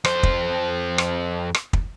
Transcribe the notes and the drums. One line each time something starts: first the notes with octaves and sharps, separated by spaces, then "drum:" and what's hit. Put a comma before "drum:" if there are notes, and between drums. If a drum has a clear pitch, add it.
F2 C5, drum: rim click
drum: kick
drum: rim click
drum: rim click
drum: kick